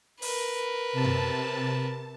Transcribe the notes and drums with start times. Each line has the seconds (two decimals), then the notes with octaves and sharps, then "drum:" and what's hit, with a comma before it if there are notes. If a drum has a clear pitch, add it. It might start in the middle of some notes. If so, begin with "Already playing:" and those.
0.22 A#4 B4, drum: open hi-hat
0.93 C3 A5
1.04 drum: tom F#2